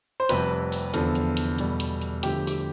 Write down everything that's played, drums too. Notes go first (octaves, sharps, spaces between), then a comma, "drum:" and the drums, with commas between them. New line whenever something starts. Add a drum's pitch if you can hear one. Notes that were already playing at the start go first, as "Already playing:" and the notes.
C5
F1 F2 C3 G3 B4, drum: hi-hat
drum: open hi-hat
E2 D3 F3 A4, drum: hi-hat
drum: hi-hat
drum: hi-hat
E2 B2 G3, drum: hi-hat
drum: hi-hat
drum: hi-hat
D2 D3 F3 G4, drum: hi-hat
G4, drum: open hi-hat